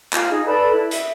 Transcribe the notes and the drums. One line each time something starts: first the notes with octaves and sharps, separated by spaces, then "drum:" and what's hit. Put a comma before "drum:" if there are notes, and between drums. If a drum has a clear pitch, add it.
F4 F5, drum: clap
D#4 G#4
A4 B4 D5 B5
E4
E5, drum: hi-hat